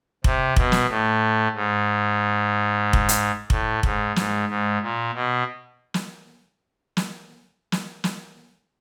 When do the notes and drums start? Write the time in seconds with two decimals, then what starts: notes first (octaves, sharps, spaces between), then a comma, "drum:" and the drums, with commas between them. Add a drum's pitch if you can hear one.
0.24 C3, drum: kick F1
0.56 B2, drum: kick F1
0.72 drum: snare
0.89 A2
1.55 G#2
2.93 drum: kick F1
3.09 drum: hi-hat
3.50 A2, drum: kick F1
3.83 G#2, drum: kick F1
4.16 G#2, drum: snare
4.49 G#2
4.82 A#2
5.14 B2
5.94 drum: snare
6.97 drum: snare
7.72 drum: snare
8.04 drum: snare